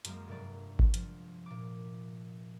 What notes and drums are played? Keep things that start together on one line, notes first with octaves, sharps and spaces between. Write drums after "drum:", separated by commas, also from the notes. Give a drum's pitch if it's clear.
F#2 F#3 G#3 A#3, drum: hi-hat
F1 G2 D5
drum: kick G#1
F3, drum: hi-hat
A#2 D6